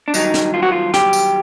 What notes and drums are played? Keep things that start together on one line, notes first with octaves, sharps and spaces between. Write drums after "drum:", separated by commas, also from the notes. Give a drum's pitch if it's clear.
D4
G2 D#3 F#3 D#4, drum: tambourine
drum: snare
F4
F#4
F4
G4, drum: snare
drum: tambourine